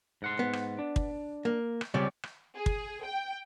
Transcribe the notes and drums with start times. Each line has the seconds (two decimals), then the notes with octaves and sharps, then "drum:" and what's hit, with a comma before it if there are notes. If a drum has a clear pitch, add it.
0.22 G#2 F#5 C6
0.39 B3
0.53 drum: rim click
0.79 D4
0.96 drum: kick
1.45 A#3
1.81 drum: rim click
1.94 C#2 C3 G3 C#5 D5
2.23 drum: rim click
2.56 G#4
2.66 drum: kick
3.04 G5